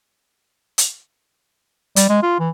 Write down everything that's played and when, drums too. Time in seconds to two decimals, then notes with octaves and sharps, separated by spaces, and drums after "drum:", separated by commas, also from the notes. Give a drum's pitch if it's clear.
0.78 drum: hi-hat
1.96 G3, drum: hi-hat
2.09 G#3
2.23 F4
2.39 E3